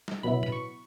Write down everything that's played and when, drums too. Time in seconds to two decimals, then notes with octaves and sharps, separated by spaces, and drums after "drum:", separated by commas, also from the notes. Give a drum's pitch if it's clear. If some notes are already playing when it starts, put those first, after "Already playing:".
0.08 drum: snare
0.23 C#2 B2 F#3 B3 E4 B5
0.43 B5, drum: tom A2
0.52 C#6